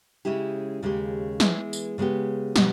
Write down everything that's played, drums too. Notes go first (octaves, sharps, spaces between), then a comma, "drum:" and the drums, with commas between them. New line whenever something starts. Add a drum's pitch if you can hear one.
C#3 G#3 C#4 E4 G4
D#2 C#3 G#3 C#4 G4
E3 G#3 B3 E4 G#4, drum: snare
drum: tambourine
C#3 G#3 B3 G4
B2 G3, drum: snare